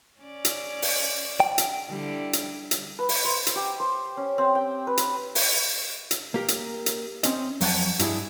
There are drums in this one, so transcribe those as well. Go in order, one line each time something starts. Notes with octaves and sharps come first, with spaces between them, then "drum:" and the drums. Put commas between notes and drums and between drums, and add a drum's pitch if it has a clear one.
C#4 D5
drum: hi-hat
drum: open hi-hat
G5
drum: hi-hat
D3 G3 E4
drum: hi-hat
drum: hi-hat
B4
drum: open hi-hat
C5
drum: hi-hat
G4
C5
C#4
C4
G5
B4
drum: hi-hat
drum: open hi-hat
drum: hi-hat
A#3 G4 A#4
drum: hi-hat
drum: hi-hat
C4 C#4 D#5, drum: hi-hat
F2 F#3 F#5 G5 A5, drum: open hi-hat
G2 E4 G4 G#4, drum: hi-hat